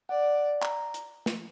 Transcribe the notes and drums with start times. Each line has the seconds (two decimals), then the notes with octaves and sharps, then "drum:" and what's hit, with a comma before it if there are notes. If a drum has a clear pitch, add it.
0.09 D5 F#5
0.62 A#5, drum: clap
0.94 drum: hi-hat
1.26 drum: snare